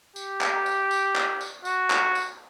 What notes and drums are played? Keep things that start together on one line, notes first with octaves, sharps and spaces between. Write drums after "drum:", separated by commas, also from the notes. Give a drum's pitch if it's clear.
G4, drum: tambourine
drum: clap
drum: tambourine
drum: tambourine
drum: clap
drum: tambourine
F#4, drum: tambourine
drum: clap
drum: tambourine